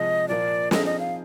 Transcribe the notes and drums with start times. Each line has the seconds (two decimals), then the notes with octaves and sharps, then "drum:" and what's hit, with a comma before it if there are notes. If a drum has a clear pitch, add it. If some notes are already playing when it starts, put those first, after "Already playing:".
Already playing: C3 F3 G#3 D#5
0.28 A#2 F3 A#3 F4 D5
0.71 F3 C4 D#4 G#4 D#5, drum: snare
0.86 D#5
0.99 F5